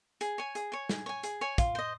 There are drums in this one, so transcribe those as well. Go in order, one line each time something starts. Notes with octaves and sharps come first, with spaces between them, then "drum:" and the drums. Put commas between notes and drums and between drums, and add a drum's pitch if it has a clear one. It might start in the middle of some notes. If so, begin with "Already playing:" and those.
G#4, drum: hi-hat
C#5 G#5
G#4, drum: hi-hat
C#5 G#5
G#4, drum: snare
C#5 G#5
G#4, drum: hi-hat
C#5 G#5
F4, drum: kick, hi-hat
C5 D#5